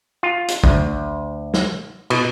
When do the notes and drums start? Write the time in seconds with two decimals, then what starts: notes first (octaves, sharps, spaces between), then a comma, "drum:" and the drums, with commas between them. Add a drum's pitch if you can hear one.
0.23 F4
0.48 drum: hi-hat
0.64 D2, drum: kick
1.54 drum: snare
2.10 B2, drum: cymbal